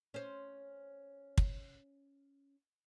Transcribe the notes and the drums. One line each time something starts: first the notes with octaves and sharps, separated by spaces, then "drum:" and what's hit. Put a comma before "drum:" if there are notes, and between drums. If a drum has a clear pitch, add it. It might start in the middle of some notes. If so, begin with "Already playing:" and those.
C#4 C5
drum: kick